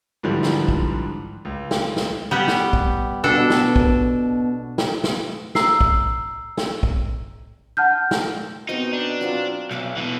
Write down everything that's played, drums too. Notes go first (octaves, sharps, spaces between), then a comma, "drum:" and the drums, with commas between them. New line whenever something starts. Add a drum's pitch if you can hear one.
G#2 D3 E3 F3 G3
drum: snare
drum: kick
C#2
drum: snare
drum: snare
G3 B3 G4
drum: snare
drum: kick
B2 D4 A4
drum: snare
drum: kick
drum: snare
drum: snare
A#5 E6 C7, drum: snare
drum: kick
drum: snare
drum: kick
F#5 A5 F6 G6
drum: snare
B2 C4 D#4 A#4
D4
F#3 C4 F4
B1 E5 F5 D6
B2 E3